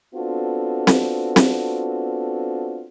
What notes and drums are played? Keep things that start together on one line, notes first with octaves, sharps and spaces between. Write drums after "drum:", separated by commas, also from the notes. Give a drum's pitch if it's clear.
B3 C4 D4 F4 F#4 A4
drum: snare C4
drum: snare C4